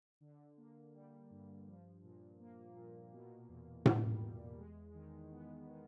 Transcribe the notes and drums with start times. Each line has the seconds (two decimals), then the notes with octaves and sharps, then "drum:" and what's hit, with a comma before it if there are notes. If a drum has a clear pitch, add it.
0.21 D3
0.57 A#3
0.93 G3
1.31 G2
1.67 F3
2.03 A#2
2.40 A#3
2.76 A#2
3.13 B2
3.49 E2
3.86 G3, drum: tom A2
4.21 E2
4.58 G#3
4.94 D#3
5.31 B3
5.68 D#3